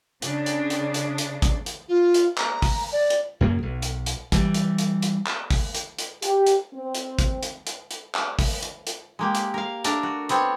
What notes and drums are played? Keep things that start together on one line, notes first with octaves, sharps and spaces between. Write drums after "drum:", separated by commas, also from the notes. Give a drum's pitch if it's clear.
C#3 D4, drum: hi-hat
drum: hi-hat
drum: hi-hat
drum: hi-hat
drum: hi-hat
drum: kick, hi-hat
drum: hi-hat
F4
drum: hi-hat
A#5, drum: clap
drum: kick, open hi-hat
D5
drum: hi-hat
F#2 C#3 A#3
B1
drum: hi-hat
drum: hi-hat
E3 G3, drum: kick, hi-hat
drum: hi-hat
drum: hi-hat
drum: hi-hat
drum: clap
drum: kick, open hi-hat
drum: hi-hat
drum: hi-hat
G4, drum: hi-hat
drum: hi-hat
C4
drum: hi-hat
drum: kick, hi-hat
drum: hi-hat
drum: hi-hat
drum: hi-hat
drum: clap
drum: kick, open hi-hat
drum: hi-hat
drum: hi-hat
G#3 A#3 G4
drum: hi-hat
A#4 F5
A3 D4 A#4, drum: hi-hat
F#4
B3 C4 D4 C#5, drum: hi-hat